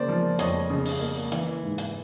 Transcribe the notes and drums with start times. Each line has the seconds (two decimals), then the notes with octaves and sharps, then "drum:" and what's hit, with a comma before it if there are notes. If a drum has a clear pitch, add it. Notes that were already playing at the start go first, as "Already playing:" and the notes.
Already playing: C#3 A#3 C5 D5
0.08 F3
0.39 F2 C#5 D#5, drum: hi-hat
0.70 C#3
0.86 drum: open hi-hat
1.01 A#3
1.32 E3, drum: hi-hat
1.62 G#2
1.78 drum: hi-hat